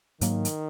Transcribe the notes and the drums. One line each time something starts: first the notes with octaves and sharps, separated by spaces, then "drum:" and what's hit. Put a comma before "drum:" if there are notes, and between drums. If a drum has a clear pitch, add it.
G#2 D#3 F#3 A#3, drum: hi-hat
drum: hi-hat